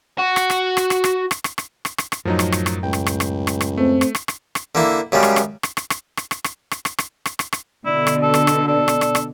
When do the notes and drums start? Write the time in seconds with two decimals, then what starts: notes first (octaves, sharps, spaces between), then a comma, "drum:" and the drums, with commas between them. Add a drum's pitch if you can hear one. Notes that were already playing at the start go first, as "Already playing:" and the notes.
0.18 F#4
0.36 drum: rim click
0.50 drum: rim click
0.77 drum: rim click
0.90 drum: rim click
1.04 drum: rim click
1.31 drum: rim click
1.44 drum: rim click
1.58 drum: rim click
1.85 drum: rim click
1.98 drum: rim click
2.12 drum: rim click
2.25 F#2 A2 F3 F#3 D#4 A#4
2.39 drum: rim click
2.52 drum: rim click
2.66 drum: rim click
2.83 C#2 G5
2.93 drum: rim click
3.06 drum: rim click
3.20 drum: rim click
3.47 drum: rim click
3.61 drum: rim click
3.77 A3 C4
4.01 drum: rim click
4.15 drum: rim click
4.28 drum: rim click
4.55 drum: rim click
4.75 D3 A#3 E4
5.12 F#2 C#3 G3 G#3
5.23 drum: rim click
5.36 drum: rim click
5.63 drum: rim click
5.77 drum: rim click
5.90 drum: rim click
6.17 drum: rim click
6.31 drum: rim click
6.44 drum: rim click
6.71 drum: rim click
6.85 drum: rim click
6.98 drum: rim click
7.26 drum: rim click
7.39 drum: rim click
7.53 drum: rim click
7.85 B2 D3 E4 D5
8.07 drum: rim click
8.22 A4
8.34 drum: rim click
8.47 drum: rim click
8.68 A4 D5
8.88 drum: rim click
9.01 drum: rim click
9.15 drum: rim click